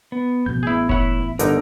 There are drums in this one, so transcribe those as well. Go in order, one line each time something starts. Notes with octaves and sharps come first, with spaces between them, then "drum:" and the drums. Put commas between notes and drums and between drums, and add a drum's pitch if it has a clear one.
B3
A1 F2 B2 G6
A1 B3 E4 G#4
E4 C#5 F#5, drum: kick F1
G1 D3 D#4 A#4, drum: hi-hat